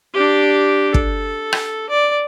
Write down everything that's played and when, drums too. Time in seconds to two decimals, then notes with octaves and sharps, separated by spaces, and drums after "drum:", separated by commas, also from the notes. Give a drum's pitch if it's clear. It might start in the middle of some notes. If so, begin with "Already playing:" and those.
0.14 D4 G4
0.94 A4, drum: kick
1.53 drum: rim click
1.90 D5